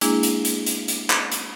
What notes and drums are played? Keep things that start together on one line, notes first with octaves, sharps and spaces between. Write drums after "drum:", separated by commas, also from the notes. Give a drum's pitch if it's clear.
G#3 A#3 D4 E4 G#4, drum: hi-hat
drum: hi-hat
drum: hi-hat
drum: hi-hat
drum: hi-hat
drum: clap
drum: hi-hat